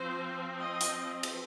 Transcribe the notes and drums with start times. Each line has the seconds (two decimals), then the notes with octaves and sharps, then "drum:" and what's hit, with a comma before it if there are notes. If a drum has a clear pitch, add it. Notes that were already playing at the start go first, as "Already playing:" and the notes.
Already playing: F3 C4 C5
0.61 D#5
0.81 drum: hi-hat
1.23 drum: cymbal